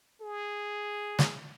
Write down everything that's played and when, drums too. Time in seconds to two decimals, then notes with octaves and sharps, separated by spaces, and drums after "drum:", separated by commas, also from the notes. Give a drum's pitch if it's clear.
0.21 G#4
1.19 drum: snare